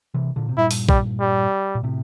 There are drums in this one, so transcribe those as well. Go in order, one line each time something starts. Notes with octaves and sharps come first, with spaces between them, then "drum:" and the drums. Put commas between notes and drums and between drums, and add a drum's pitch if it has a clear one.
C3 E3
A#2 D3
C3
G2 A#2 E4
drum: open hi-hat
G3, drum: kick A#1
G3
A#2
A2 C3